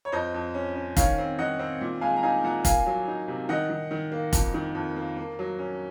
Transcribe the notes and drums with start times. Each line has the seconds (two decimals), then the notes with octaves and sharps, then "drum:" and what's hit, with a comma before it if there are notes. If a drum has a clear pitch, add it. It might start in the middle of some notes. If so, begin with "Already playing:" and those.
0.05 C#5
0.12 F2 C5 D#5
0.34 F2
0.54 C#4
0.75 C#4
0.97 D#3 C#5 F5, drum: kick F1, hi-hat
1.18 C4
1.39 D#3 D#5 F#5
1.59 C4
1.81 A#2
2.01 G#3 F5 G#5
2.16 A#5
2.23 D#4 F5 G#5
2.44 A#2 F#5 A#5
2.65 A#3 F5 G#5, drum: kick F1, hi-hat
2.86 F#3
3.08 D#4
3.28 C3
3.49 D#3 D#5 F#5
3.70 D#3
3.91 D#3
4.12 A#3
4.33 F2, drum: kick F1, hi-hat
4.54 D#3
4.75 F2
4.96 A#3
5.17 A#3
5.39 F#3
5.59 C#4